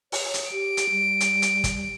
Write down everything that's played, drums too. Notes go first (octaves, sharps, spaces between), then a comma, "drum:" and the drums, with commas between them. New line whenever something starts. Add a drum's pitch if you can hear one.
C#5, drum: open hi-hat
drum: hi-hat
G4 D7
drum: hi-hat
G3
drum: hi-hat
drum: hi-hat
drum: kick, hi-hat